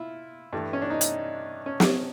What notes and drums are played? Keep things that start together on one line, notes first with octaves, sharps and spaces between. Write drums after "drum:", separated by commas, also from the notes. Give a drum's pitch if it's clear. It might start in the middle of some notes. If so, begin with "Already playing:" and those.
Already playing: E4 F4
G2 E3 A3
C#4
D4
D#4
drum: hi-hat
C#4
drum: snare